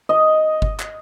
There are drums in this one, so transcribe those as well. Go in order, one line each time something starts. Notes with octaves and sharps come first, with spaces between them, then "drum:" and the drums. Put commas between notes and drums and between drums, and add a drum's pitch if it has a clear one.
D#5
drum: kick G1
drum: clap